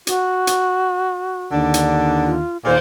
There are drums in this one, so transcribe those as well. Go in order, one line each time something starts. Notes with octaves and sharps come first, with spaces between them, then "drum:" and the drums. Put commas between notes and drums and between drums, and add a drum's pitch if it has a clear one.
F#4, drum: hi-hat
drum: hi-hat
D#2 D3 D4
drum: hi-hat
F4
D#2 A#2 C5 F5, drum: cymbal